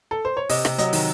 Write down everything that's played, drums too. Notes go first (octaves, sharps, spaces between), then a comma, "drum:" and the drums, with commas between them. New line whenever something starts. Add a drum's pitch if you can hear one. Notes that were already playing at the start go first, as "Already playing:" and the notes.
A4
C5
C#5
C3 D#5, drum: open hi-hat
C3, drum: rim click
F#3 D#5, drum: hi-hat
D#3, drum: open hi-hat